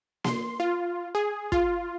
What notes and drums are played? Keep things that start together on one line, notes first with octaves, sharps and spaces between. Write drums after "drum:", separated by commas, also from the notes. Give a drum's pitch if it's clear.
C6, drum: snare A#3
F4
G#4
F4, drum: kick